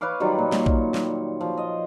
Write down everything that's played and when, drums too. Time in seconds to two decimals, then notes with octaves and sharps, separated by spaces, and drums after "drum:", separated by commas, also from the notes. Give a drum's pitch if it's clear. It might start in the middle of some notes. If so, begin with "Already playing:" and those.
0.01 B4 C#5 F5 D6
0.20 D#3 F#3 G3 F4
0.38 A#2
0.52 drum: snare
0.66 drum: kick A#1
0.94 drum: snare
1.41 F3
1.57 D#5